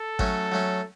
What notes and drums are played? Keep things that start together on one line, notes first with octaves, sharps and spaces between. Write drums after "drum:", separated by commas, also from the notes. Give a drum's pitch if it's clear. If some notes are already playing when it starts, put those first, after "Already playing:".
Already playing: A4
F#3 A3 C#4, drum: kick G#1
F#3 A3 C#4